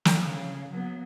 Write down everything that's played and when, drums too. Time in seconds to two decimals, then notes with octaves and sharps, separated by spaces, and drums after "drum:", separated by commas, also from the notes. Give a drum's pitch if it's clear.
0.05 drum: snare
0.22 C#3
0.70 F#3 B3